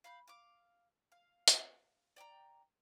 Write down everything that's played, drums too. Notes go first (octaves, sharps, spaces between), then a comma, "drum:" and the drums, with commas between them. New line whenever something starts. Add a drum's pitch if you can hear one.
F5 B5 G6
F5 D6
F5
drum: hi-hat
D5 G5 A5 A#5